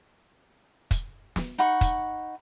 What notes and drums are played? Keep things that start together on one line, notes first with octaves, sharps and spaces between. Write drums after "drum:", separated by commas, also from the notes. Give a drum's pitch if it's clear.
drum: kick, hi-hat
drum: snare
D#4 F#5 B5 C#6
drum: kick, hi-hat